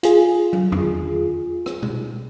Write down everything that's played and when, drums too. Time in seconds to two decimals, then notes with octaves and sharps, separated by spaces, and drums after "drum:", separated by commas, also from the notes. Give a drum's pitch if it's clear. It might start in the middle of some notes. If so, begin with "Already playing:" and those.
0.03 F4 G#4, drum: hi-hat
0.53 drum: tom
0.72 drum: tom E2
1.66 drum: rim click
1.82 drum: tom B2